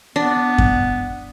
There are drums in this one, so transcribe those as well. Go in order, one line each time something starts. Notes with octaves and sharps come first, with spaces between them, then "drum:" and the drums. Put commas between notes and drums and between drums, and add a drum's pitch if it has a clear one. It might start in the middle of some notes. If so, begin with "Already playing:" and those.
B3 D4
drum: kick F#2